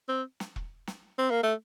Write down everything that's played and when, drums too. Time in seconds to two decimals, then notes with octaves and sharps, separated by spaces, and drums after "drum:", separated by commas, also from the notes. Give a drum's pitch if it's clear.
0.08 C4
0.40 drum: snare
0.56 drum: kick E1
0.87 drum: snare
1.18 C4
1.30 A#3
1.43 A3